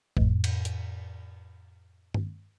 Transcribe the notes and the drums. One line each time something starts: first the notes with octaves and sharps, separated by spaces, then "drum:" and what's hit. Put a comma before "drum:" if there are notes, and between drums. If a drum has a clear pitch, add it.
F2 A2, drum: kick
drum: cymbal
drum: hi-hat
drum: tom G2